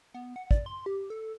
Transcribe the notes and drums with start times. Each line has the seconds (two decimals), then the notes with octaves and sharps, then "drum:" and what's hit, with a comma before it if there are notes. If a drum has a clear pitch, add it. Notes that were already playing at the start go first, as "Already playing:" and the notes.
0.14 B3
0.36 F#5
0.51 D5, drum: kick
0.66 C6
0.86 G4
1.10 A4